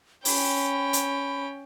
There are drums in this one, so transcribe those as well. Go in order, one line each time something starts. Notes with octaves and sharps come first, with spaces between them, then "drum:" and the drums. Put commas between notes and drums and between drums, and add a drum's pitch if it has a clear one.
C#4 G5 B5, drum: open hi-hat
drum: hi-hat